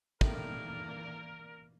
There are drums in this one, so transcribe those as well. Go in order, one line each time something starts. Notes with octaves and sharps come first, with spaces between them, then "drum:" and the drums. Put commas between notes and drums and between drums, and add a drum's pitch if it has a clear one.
A2 D#3 E3 A#3 A#4 D5, drum: kick